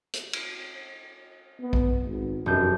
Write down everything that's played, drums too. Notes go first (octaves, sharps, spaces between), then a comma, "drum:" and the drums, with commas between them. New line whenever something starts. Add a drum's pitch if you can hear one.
drum: hi-hat
drum: cymbal
B3
drum: kick A#1
G#1
F1 F#2 G6